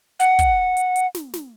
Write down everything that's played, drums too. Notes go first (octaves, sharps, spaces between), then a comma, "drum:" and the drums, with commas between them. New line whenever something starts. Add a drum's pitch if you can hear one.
F#5, drum: hi-hat
drum: kick, hi-hat
drum: hi-hat
drum: hi-hat
drum: snare
drum: snare